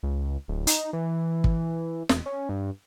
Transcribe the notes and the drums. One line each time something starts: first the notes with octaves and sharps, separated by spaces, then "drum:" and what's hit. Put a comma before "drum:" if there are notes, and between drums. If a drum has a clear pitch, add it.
C#2
D1
D#4, drum: hi-hat
E3
drum: kick
E1, drum: snare
C#4
G2